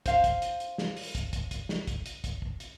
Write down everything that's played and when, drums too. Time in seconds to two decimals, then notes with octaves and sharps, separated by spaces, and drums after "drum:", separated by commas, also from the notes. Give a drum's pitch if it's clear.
0.06 C5 F5, drum: kick, hi-hat
0.24 drum: kick, hi-hat
0.42 drum: hi-hat
0.60 drum: hi-hat
0.78 drum: snare
0.97 drum: open hi-hat
1.15 drum: kick, hi-hat
1.33 drum: kick, hi-hat
1.51 drum: kick, hi-hat
1.69 drum: snare
1.87 drum: kick, hi-hat
2.06 drum: hi-hat
2.24 drum: kick, hi-hat
2.42 drum: kick
2.60 drum: hi-hat